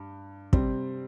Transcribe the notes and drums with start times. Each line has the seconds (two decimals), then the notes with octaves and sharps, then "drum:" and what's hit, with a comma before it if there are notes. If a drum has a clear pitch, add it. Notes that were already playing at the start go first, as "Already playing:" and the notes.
Already playing: G2
0.53 C3 G3 C4, drum: kick